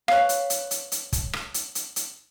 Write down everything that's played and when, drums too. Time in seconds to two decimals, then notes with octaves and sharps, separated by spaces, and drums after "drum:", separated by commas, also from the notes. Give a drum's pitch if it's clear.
0.08 B4 C#5 F5, drum: rim click
0.29 drum: hi-hat
0.50 drum: hi-hat
0.71 drum: hi-hat
0.92 drum: hi-hat
1.13 drum: kick, hi-hat
1.33 drum: rim click
1.54 drum: hi-hat
1.75 drum: hi-hat
1.96 drum: hi-hat